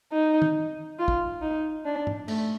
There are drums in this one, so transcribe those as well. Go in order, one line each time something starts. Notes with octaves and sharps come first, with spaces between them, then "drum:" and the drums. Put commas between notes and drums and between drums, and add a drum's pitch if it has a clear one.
D#4
drum: tom
F4
drum: kick
D#4
D4
drum: tom
A3, drum: cymbal